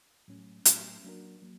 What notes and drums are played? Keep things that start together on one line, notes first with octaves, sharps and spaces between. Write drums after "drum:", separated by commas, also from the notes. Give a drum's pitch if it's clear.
A2 F#3 A3 C#4
A2 F#3 A3 C#4, drum: hi-hat
F#3 A#3 D4 F#4 A#4
F#3 A#3